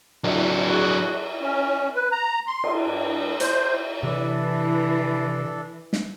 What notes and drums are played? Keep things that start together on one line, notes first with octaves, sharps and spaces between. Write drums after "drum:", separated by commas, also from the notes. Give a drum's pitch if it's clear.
F#3 D4, drum: cymbal
F#4 G#4
C#4
B4
A#5
C6
drum: cymbal
G2
C5, drum: hi-hat
C3 E3 D4 A4
drum: snare